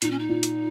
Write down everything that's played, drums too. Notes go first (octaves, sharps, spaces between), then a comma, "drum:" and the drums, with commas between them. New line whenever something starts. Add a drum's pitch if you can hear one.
A#2 D#4, drum: hi-hat
C#4
D#4
A#2
drum: hi-hat